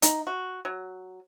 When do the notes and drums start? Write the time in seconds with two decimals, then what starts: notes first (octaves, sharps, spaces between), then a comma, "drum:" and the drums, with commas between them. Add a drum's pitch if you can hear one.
0.02 D#4, drum: hi-hat
0.27 F#4
0.65 F#3